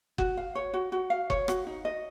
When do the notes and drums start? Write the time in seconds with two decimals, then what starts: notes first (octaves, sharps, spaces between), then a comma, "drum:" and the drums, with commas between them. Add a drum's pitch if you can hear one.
0.18 F#4, drum: kick F#1
0.37 F5
0.55 C#5
0.74 F#4
0.92 F#4
1.10 F5
1.30 C#5, drum: kick F#1
1.48 F#4, drum: rim click
1.67 D#4
1.85 D#5